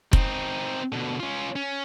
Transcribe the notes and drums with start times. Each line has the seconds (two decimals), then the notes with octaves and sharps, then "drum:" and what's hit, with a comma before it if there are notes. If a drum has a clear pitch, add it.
0.13 C4 D#4, drum: kick F1
0.92 B2 D3
1.20 C#4 F4
1.56 C#4